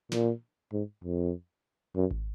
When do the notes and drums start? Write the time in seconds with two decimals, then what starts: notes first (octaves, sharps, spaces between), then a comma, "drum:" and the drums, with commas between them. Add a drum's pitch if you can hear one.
0.12 A#2, drum: snare
0.73 G#2
1.04 F2
1.96 F#2
2.11 drum: kick G#1